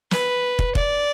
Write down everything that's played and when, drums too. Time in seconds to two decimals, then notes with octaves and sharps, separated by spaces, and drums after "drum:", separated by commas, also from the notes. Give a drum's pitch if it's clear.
0.11 B4, drum: snare
0.59 drum: kick
0.75 D5, drum: kick